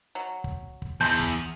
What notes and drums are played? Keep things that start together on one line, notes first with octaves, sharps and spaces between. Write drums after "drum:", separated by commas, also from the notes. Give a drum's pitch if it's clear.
F#3
drum: kick
drum: kick
E2 A5 C6 G6
drum: kick